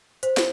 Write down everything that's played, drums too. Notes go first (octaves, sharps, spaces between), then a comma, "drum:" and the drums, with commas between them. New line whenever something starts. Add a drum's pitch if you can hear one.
C5, drum: hi-hat
drum: snare